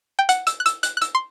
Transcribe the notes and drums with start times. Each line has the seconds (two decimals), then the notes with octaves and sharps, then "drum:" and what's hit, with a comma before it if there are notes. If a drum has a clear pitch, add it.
0.19 G5
0.29 F#5, drum: hi-hat
0.47 E6, drum: hi-hat
0.60 F#6
0.66 E6, drum: hi-hat
0.83 F#6, drum: hi-hat
0.97 F#6
1.01 E6, drum: hi-hat
1.15 C6